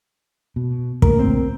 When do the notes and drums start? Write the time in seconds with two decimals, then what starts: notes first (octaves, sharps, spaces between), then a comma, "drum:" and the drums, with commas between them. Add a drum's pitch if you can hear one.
0.56 B2
1.02 D2 A#2 A#4, drum: kick
1.19 C4